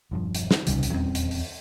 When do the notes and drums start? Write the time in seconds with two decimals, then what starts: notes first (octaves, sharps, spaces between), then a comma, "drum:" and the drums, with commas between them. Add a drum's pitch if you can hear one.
0.11 E1 G2 F3
0.35 drum: hi-hat
0.51 drum: snare
0.67 D#1 C2 C#3 G3 C#4, drum: hi-hat
0.83 drum: hi-hat
0.94 E2 C4
1.15 drum: hi-hat
1.31 drum: open hi-hat